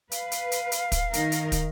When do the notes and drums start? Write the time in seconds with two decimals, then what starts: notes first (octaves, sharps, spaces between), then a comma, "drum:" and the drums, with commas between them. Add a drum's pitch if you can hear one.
0.11 B4 F5, drum: hi-hat
0.32 drum: hi-hat
0.52 drum: hi-hat
0.72 drum: hi-hat
0.92 drum: kick, hi-hat
1.13 D#3 D#4 A#4, drum: hi-hat
1.32 drum: hi-hat
1.52 drum: kick, hi-hat